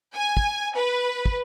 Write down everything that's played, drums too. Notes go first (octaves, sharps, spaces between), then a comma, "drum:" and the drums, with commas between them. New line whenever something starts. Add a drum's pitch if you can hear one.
G#5
drum: kick
B4
drum: kick